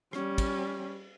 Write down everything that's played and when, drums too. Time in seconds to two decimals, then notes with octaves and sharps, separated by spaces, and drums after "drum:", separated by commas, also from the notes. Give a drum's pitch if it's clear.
0.13 G3 C#4, drum: rim click
0.38 drum: kick, cymbal